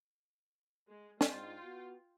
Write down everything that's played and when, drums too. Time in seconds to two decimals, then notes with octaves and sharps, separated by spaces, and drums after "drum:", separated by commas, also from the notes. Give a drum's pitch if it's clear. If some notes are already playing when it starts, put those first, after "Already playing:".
0.88 G#3
1.21 G#2 D4 D#4 F4 G5, drum: snare
1.63 B3 F#4